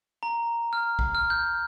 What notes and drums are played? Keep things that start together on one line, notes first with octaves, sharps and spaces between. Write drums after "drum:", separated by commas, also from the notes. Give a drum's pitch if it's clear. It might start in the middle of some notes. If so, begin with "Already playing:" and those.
A#5
F6
drum: kick A#1
F6
G6